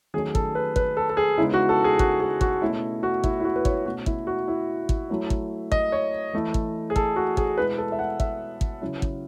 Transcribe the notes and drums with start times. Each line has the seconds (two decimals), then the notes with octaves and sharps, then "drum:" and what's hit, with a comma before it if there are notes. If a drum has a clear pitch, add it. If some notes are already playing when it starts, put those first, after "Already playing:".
0.14 D#3 F#3 A3 C#4 G#4
0.35 A4, drum: kick
0.55 B4
0.76 B4, drum: kick
0.97 A4
1.09 A4
1.17 G#4
1.38 C#3 G#3 B3 D#4 E4
1.54 F#4
1.69 A4
1.84 G#4
1.99 F#4, drum: kick
2.20 G#4
2.41 F#4, drum: kick
2.62 B2 A3 C#4 E4
3.03 F#4
3.24 E4, drum: kick
3.40 E4
3.44 F#4
3.56 B4
3.65 C#5, drum: kick
3.86 B2 A3 C#4 F#4
4.06 E4, drum: kick
4.27 F#4
4.48 E4
4.89 drum: kick
5.10 F#3 A3 E4
5.30 drum: kick
5.72 D#5, drum: kick
5.92 C#5
6.33 E3 A3 E4
6.54 drum: kick
6.90 G#4
6.96 A4, drum: kick
7.16 F#4
7.37 G#4, drum: kick
7.57 B2 G#3 B3 E4 B4
7.78 A4
7.92 E5
7.99 F#5
8.20 E5, drum: kick
8.61 drum: kick
8.82 C#3 F#3 C#4 E4
9.02 drum: kick